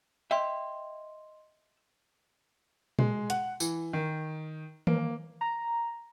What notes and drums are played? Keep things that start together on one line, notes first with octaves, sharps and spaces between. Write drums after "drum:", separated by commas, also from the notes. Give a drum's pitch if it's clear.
D#5 E5 G5 C6
G#3, drum: tom A#2
F#5, drum: hi-hat
E3, drum: tambourine
D#3
A#3, drum: tom D#3
A#5